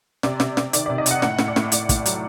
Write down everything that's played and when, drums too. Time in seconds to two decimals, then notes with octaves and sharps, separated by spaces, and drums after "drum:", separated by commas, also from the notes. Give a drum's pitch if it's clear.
0.23 C3 D5, drum: snare
0.40 C3, drum: snare
0.57 C3, drum: snare
0.73 D#3 D5, drum: hi-hat
0.86 C3 D5
0.98 D#5
1.06 C3, drum: hi-hat
1.11 F#5
1.22 A2 F#5, drum: snare
1.39 A2, drum: snare
1.48 D5
1.56 A2, drum: snare
1.72 A2 D5, drum: hi-hat
1.89 A2, drum: kick, hi-hat
2.06 F#3, drum: hi-hat